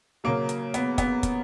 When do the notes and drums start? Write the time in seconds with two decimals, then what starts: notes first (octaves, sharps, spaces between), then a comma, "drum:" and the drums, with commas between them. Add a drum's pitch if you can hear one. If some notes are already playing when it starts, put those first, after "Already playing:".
0.24 C#3 F#3 A#3
0.49 drum: hi-hat
0.74 B3, drum: hi-hat
0.98 B3, drum: kick, hi-hat
1.23 drum: kick, hi-hat